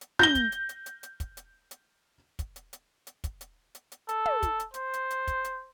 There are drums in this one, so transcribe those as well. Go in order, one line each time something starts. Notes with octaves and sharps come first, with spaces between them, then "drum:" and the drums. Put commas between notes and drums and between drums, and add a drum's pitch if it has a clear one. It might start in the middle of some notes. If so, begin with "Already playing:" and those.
drum: hi-hat
G6 A#6 G7, drum: tom
drum: kick, hi-hat
drum: hi-hat
drum: hi-hat
drum: hi-hat
drum: hi-hat
drum: kick, hi-hat
drum: hi-hat
drum: hi-hat
drum: kick, hi-hat
drum: hi-hat
drum: hi-hat
drum: hi-hat
drum: kick, hi-hat
drum: hi-hat
drum: hi-hat
drum: hi-hat
A4, drum: hi-hat
drum: tom
drum: kick, hi-hat
drum: hi-hat
C5, drum: hi-hat
drum: hi-hat
drum: hi-hat
drum: kick, hi-hat
drum: hi-hat